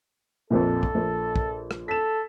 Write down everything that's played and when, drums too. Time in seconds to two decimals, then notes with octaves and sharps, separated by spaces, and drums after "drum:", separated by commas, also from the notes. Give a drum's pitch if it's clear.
0.50 A#1 F2 A#2 A4
0.83 drum: kick
0.95 A#1
1.36 drum: kick
1.71 drum: rim click
1.88 A4 B6 E7